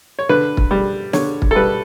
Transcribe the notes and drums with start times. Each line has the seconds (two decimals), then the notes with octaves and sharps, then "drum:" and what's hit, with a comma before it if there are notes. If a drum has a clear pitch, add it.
0.19 C#5
0.29 D3 B4
0.57 drum: kick
0.71 G3
1.13 D3 C#5, drum: snare
1.42 drum: kick
1.51 A4
1.55 G3 B4